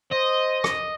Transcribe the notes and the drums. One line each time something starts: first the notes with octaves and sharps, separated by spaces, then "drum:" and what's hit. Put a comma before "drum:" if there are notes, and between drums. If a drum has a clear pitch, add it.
C5 D#5
drum: rim click